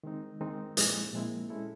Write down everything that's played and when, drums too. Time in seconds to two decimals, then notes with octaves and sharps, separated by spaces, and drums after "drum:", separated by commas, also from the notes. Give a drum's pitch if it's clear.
0.03 D#3 G#3 C4 D#4
0.41 D#3 G#3 C4 D#4
0.77 A#2 F3 G#3 C4 E4, drum: hi-hat
1.13 A#2 F3 G#3 C4 E4
1.49 G#3 C#4 E4 A4